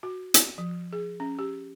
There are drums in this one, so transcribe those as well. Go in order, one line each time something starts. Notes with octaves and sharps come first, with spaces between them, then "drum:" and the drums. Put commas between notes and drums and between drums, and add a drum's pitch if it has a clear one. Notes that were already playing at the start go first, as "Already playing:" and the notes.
F#4
drum: hi-hat
F3
G#4
C#4
G4